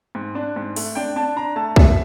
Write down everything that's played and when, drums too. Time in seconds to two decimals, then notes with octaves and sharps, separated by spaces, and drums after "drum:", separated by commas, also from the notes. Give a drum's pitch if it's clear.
0.15 G#2
0.35 D4
0.56 G#2
0.76 A3, drum: open hi-hat
0.95 D4 G5
1.16 D4 A5
1.37 D4 A#5
1.56 A3 A5
1.76 B2 E5, drum: kick C2